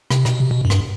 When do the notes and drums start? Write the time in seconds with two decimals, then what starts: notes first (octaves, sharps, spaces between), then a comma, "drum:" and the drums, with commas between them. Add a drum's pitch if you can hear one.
0.11 C3, drum: rim click
0.25 B2, drum: rim click
0.40 C3
0.51 B2
0.65 F#2
0.70 G2, drum: rim click